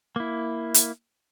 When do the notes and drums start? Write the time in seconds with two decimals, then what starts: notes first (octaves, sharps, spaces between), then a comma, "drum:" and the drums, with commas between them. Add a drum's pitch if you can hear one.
0.16 A#3 E4
0.74 drum: hi-hat